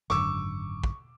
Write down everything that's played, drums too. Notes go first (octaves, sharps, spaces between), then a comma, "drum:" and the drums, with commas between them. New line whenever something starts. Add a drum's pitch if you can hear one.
G#1 F#2 D3 C#6 D6 E6, drum: rim click
drum: kick